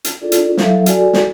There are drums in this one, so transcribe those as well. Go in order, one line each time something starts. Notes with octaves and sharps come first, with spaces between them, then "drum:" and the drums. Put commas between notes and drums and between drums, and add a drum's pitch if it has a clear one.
drum: hi-hat
D4 E4 F4 G#4 A4 D5
drum: hi-hat
F#3 E4 A4 E5 F5, drum: snare
F#4 G#4 A4 D5 G#5, drum: hi-hat
drum: snare